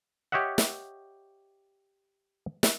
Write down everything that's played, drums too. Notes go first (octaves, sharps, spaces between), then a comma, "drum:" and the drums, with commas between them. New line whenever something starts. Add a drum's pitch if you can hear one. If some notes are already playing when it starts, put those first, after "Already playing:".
G4 C#5 D#5 E5 F#5
drum: snare
drum: snare